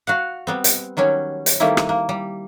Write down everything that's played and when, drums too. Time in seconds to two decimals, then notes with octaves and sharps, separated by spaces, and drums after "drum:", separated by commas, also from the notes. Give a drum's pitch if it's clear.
0.07 F#4 F5 F#5
0.47 G3 B3 C4
0.64 drum: hi-hat
0.97 D#3 F#3 G3 C#4
1.46 drum: hi-hat
1.60 D#3 G3 A3 A#3 C4 E4
1.77 drum: rim click
1.89 A#3
2.09 G3